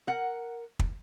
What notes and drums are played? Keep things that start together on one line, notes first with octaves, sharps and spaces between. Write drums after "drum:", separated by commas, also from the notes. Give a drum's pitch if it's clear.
A#4 F#5
drum: kick